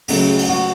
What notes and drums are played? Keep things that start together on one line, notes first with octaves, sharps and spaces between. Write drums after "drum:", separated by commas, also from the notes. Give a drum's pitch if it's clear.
C#2 C#3 F#3 A3, drum: open hi-hat
G#4
drum: open hi-hat
F#4